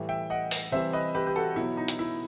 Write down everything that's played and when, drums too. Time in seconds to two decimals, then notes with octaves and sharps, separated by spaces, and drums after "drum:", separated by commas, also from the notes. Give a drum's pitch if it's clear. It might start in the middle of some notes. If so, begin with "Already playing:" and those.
Already playing: A2 E3 G3
0.09 E5 G5
0.30 D#5 F#5
0.51 drum: open hi-hat
0.72 C3 E3 G3 C5 E5
0.93 B4 D#5
1.15 G4 B4
1.27 G4
1.36 F#4 A4
1.56 B2 F#3 E4
1.77 D#4
1.88 drum: hi-hat
1.99 E4